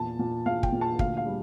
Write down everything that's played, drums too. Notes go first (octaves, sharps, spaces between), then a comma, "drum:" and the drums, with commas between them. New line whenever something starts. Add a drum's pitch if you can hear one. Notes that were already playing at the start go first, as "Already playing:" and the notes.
Already playing: E2 A#2 A5
A#2
A#2 F5
G5, drum: kick
A#2
A5
D2 F5, drum: kick
F5
G3